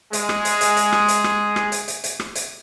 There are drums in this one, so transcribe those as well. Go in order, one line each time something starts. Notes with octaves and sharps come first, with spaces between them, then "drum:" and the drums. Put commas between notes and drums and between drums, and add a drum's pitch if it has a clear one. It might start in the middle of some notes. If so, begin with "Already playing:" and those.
G#3 G#4, drum: hi-hat
drum: rim click
drum: hi-hat
drum: hi-hat
drum: hi-hat
drum: rim click
drum: hi-hat
drum: rim click
drum: rim click
drum: hi-hat
drum: hi-hat
drum: hi-hat
drum: rim click
drum: hi-hat